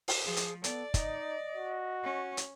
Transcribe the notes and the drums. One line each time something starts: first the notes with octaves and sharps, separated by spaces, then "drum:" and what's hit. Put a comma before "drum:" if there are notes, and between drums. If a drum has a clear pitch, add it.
drum: open hi-hat
F3 G#4
drum: hi-hat
B3 A4 D5, drum: hi-hat
D#4 D#5, drum: kick, hi-hat
F#4
C#4
drum: hi-hat